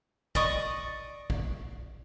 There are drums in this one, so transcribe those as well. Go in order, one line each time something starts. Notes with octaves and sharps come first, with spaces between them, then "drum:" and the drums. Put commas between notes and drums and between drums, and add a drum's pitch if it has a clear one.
D5 D#5 C#6 D#6, drum: kick
drum: kick